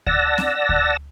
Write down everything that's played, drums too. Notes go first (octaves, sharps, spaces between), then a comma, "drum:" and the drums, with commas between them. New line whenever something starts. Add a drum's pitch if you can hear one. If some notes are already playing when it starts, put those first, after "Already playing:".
D5 F#5 A5 E6 A#6, drum: kick D2
drum: snare C4
drum: kick D2